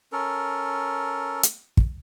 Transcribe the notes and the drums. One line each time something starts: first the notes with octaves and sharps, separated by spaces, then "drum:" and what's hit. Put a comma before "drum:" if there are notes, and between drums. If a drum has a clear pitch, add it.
C#4 A4 A#4
drum: hi-hat
drum: kick